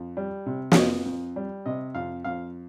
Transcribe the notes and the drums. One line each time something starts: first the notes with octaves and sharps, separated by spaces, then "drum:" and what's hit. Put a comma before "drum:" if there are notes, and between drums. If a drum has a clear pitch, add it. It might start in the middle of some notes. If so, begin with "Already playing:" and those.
Already playing: F2
G3
C3
C#5, drum: snare
F2 D#5
F2
G3
C3 D#5
F2 F5
F2 F5